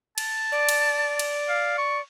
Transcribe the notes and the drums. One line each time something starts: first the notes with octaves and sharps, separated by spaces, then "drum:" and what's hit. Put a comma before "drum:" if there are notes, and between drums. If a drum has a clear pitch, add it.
A5, drum: cymbal
D5
drum: cymbal
drum: cymbal
F5
C#6